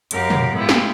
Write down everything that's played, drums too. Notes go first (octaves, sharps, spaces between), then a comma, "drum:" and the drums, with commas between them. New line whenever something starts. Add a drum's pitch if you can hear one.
F#2 G4 A#4 F5 F#5, drum: hi-hat
drum: tom
G#3 B3 E4 F4 G4
drum: snare